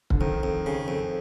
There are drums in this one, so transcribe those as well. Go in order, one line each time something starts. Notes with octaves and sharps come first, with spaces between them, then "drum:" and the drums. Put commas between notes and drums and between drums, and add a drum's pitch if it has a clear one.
D3, drum: kick C#1
F2 D#3
F2
C#3
F2